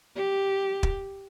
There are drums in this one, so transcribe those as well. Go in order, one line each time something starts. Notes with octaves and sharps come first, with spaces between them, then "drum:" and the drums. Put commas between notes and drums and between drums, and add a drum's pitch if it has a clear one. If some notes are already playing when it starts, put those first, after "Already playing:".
G4
drum: kick